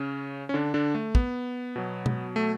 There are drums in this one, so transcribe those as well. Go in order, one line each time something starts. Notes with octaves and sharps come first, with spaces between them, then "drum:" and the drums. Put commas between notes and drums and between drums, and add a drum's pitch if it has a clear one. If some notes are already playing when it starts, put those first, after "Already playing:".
Already playing: C#3 C#4
C#4
D3 D4
D3 D4
A3
B3, drum: kick
B2 F#3
drum: tom B2
A3